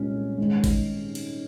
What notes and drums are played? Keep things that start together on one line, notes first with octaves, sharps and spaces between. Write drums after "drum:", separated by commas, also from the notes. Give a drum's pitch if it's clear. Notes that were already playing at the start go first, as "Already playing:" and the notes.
Already playing: C2 A#2 G#3 C#4
G#2 D#3 G#3
drum: kick G#1, cymbal
drum: cymbal